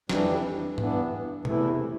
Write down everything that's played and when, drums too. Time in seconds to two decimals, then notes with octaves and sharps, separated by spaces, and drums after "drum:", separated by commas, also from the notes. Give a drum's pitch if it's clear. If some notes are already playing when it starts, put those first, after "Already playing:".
0.09 F2 E3 G3 D4, drum: snare
0.78 G2 E3 B3 D4, drum: tom G#2
1.45 E2 C3 E3 A3 E4, drum: tom